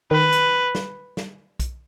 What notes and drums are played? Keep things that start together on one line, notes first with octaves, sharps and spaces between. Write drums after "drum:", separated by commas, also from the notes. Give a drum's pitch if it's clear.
D#3 B4
drum: hi-hat
drum: snare
drum: snare
drum: kick B1, hi-hat